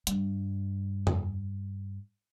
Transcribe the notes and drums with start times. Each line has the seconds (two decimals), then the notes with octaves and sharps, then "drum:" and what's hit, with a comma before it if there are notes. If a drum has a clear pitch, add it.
0.07 G2 G3, drum: hi-hat
1.07 drum: tom F2